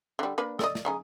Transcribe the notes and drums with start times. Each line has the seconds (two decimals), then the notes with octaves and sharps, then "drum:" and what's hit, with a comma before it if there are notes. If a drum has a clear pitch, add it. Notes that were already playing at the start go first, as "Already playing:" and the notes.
0.19 D3 G3
0.38 A#3 D4 B4
0.59 A4 D5 D#5, drum: snare
0.75 drum: snare
0.85 C#3 D#4 G#5